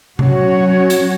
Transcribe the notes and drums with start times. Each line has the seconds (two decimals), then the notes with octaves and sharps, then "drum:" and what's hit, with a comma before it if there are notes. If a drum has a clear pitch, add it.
0.19 F#3 C#4 F#4 C#5, drum: tom C3
0.90 drum: hi-hat